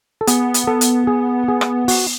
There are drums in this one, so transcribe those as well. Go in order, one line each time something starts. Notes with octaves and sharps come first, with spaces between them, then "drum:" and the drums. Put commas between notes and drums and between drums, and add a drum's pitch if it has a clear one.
A4
B3 G#4, drum: hi-hat
drum: hi-hat
B3 A4
drum: hi-hat
G#4
G#4
drum: rim click
F#4, drum: open hi-hat